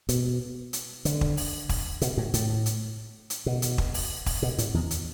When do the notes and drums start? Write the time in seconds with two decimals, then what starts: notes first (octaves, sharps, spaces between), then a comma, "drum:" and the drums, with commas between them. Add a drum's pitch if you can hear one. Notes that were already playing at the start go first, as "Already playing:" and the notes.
0.09 B2, drum: hi-hat
0.73 drum: hi-hat
1.05 D3, drum: hi-hat
1.21 drum: kick
1.37 drum: open hi-hat
1.69 drum: kick, open hi-hat
2.01 B2, drum: hi-hat
2.17 A2
2.34 A2, drum: hi-hat
2.66 drum: hi-hat
3.30 drum: hi-hat
3.46 B2
3.62 drum: hi-hat
3.78 drum: kick
3.94 drum: open hi-hat
4.26 drum: kick, open hi-hat
4.42 B2
4.58 A2, drum: hi-hat
4.74 E2
4.91 drum: hi-hat